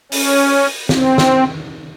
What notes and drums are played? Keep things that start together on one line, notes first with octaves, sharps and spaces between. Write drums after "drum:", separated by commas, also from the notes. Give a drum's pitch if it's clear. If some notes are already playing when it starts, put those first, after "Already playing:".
C#4, drum: open hi-hat
C4, drum: snare
drum: snare